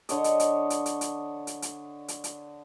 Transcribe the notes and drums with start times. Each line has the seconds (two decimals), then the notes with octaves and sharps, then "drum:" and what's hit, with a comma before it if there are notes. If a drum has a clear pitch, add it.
0.09 D3 C#5 D#5, drum: hi-hat
0.24 drum: hi-hat
0.40 drum: hi-hat
0.70 drum: hi-hat
0.86 drum: hi-hat
1.01 drum: hi-hat
1.47 drum: hi-hat
1.62 drum: hi-hat
2.08 drum: hi-hat
2.24 drum: hi-hat